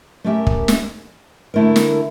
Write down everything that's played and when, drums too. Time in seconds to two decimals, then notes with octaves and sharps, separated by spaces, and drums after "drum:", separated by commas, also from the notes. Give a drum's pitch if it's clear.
0.24 A3 C#4 G4 A#4 E5
0.47 drum: kick
0.68 drum: snare
1.54 D3 A3 E4 A#4
1.76 drum: snare